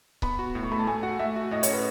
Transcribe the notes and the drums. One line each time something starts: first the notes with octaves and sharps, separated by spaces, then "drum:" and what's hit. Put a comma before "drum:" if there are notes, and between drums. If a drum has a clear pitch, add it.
B3 B5, drum: kick C#1
F#4
A2
C#6
A3 B5
A5
A3 G#5
F#4 F#5
A3 E5
F#4
A2 D#5
C#5, drum: hi-hat
C#4
B4